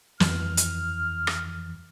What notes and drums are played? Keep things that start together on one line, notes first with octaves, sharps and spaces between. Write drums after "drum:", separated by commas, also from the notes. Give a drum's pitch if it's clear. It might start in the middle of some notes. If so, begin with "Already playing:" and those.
F2 E3 F6, drum: snare
drum: hi-hat
drum: rim click